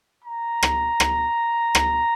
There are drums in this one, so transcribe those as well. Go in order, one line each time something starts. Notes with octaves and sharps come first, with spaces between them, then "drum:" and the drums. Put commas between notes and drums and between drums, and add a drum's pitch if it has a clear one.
A#5
drum: rim click
drum: rim click
drum: rim click